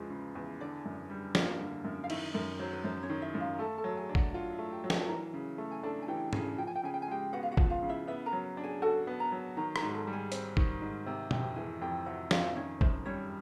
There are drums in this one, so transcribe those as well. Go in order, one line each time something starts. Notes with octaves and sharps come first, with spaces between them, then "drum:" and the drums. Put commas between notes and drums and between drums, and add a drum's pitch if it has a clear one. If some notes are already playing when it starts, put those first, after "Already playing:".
Already playing: E2 C#3 F3 G#3
C#3
E2
D3 D4 D5
F#2
G3
A#3, drum: snare
D3
F#2
F5
D#3 E4 E5, drum: cymbal
F#2 A#4
F#3 C5
B4
F#2 C5
C#4 C#5
D#3
E4 E5
F#2
F4 F5
A3 A4 A5
A4 A5
F#3
G#4 G#5
D4
F#4 F#5, drum: kick
F4 F#4 F#5
E4 E5
A3
G4 G5
F#3
A4 A5, drum: snare
E3 A#4 A#5
C#3
A3
G#5
D4 A4 A5
G#5
E3 G4 G5
C#3 G#4 G#5, drum: tom G#2
F3 G5
G#5
G5
C#3 G#5
G5
G#5
G#3 G4 G5
B3 F#4 F#5
F5
F#4 F#5
F3, drum: kick
F4 F5
C#3
E4 E5
B3 E4 E5
A#4 A#5
F#3
D4
G#4 G#5
F#4 A4 A5
B3
A#4 A#5
F#3
D#3 A#4 A#5
A#4 A#5, drum: rim click
G#2
A4 A5
G3
G#4 G#5
C4, drum: hi-hat
D#3, drum: kick
G#2
C3 G4 G5
F2 G4 G5, drum: tom B2
E3 G#4 G#5
F2 G4 G5
C3 F#4 F#5
F2 F4 F5, drum: snare
D#3 C#4 C#5
F#2 C5, drum: kick
G3 C#4 C#5